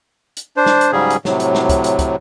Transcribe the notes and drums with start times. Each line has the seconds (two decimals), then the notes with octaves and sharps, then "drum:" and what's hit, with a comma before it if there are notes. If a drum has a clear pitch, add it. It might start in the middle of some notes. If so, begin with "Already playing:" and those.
0.37 drum: hi-hat
0.57 D4 C5
0.66 drum: snare
0.81 drum: hi-hat
0.92 G#2 C#3 F#3 G3 C#4 G#4
1.10 drum: hi-hat
1.25 A2 C3 F#3, drum: snare
1.40 drum: hi-hat
1.55 drum: snare
1.69 drum: kick, hi-hat
1.84 drum: hi-hat
1.99 drum: kick, hi-hat